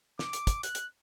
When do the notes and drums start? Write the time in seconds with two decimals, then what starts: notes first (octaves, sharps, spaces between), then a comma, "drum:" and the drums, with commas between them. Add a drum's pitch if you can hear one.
0.19 D6, drum: snare
0.33 drum: hi-hat
0.47 drum: kick, hi-hat
0.63 F#6, drum: hi-hat
0.75 drum: hi-hat